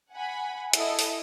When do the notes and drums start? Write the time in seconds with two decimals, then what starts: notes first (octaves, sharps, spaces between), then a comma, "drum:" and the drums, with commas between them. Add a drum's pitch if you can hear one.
0.13 F#5 G#5 B5
0.73 E4 A4 D#5, drum: hi-hat
0.99 drum: open hi-hat